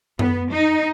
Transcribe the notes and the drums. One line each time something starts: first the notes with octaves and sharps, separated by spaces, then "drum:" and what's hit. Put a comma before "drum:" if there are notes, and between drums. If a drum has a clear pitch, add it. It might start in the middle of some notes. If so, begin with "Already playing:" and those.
B3, drum: tom F#2
D#4